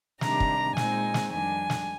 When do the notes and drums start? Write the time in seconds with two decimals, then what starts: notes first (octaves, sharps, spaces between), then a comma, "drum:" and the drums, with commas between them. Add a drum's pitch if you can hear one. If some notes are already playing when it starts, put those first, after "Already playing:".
0.21 C3 D#3 G3 D4 A#5, drum: snare
0.40 drum: kick
0.77 A#2 G#3 C4 D#4 G#5, drum: snare
1.14 drum: snare
1.32 F2 D#3 G3 D4 G#5
1.70 drum: snare